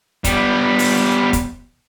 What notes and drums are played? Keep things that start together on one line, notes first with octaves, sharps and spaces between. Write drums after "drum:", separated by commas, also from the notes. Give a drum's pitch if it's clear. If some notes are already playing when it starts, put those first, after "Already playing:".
G3 B3, drum: kick F1, hi-hat
drum: open hi-hat
drum: kick F1, hi-hat